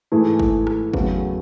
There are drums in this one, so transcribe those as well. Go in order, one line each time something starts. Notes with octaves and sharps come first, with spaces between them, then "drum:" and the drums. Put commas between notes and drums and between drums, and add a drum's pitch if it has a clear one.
G#2 E3 A3 E4 G#4
drum: kick
drum: rim click
E2 C#3 F#3 A3, drum: kick